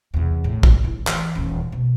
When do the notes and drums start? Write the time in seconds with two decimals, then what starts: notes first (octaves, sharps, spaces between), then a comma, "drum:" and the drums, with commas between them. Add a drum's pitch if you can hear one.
0.14 E2 C3
0.44 A2
0.63 drum: kick A#1
0.84 D1 E4
1.07 E3, drum: clap
1.35 D#1 E3
1.72 B2